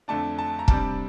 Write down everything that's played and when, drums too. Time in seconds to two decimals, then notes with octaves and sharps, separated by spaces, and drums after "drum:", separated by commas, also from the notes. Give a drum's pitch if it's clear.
0.08 F2 D3 A3 D4 A5
0.38 A5
0.59 A#5
0.68 C3 G3 D4 A5, drum: kick